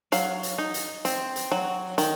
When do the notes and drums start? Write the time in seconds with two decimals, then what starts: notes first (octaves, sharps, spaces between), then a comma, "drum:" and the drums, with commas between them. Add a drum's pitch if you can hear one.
0.12 F#3 F5, drum: hi-hat
0.43 drum: hi-hat
0.58 D#4
0.74 drum: hi-hat
1.05 C4, drum: hi-hat
1.36 drum: hi-hat
1.52 F#3
1.98 D#3, drum: hi-hat